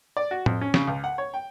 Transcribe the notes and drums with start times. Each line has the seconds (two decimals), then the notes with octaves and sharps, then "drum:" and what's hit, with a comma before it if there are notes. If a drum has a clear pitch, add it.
0.17 D5
0.31 F#4
0.46 F2, drum: tom A2
0.61 C#4
0.74 C#3, drum: snare
0.87 C#2
1.04 F#5
1.18 C#5
1.34 G5